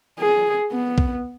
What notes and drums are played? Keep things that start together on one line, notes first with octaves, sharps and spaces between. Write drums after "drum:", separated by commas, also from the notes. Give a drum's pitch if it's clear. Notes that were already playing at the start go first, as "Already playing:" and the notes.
G#4
B3
drum: kick B1